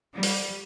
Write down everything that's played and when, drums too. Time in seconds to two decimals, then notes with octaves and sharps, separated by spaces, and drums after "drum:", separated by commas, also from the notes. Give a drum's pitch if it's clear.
0.14 G3
0.23 drum: open hi-hat